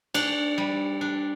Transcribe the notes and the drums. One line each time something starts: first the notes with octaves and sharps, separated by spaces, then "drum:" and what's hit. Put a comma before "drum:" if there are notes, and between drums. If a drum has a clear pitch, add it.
D4, drum: cymbal
G3
D4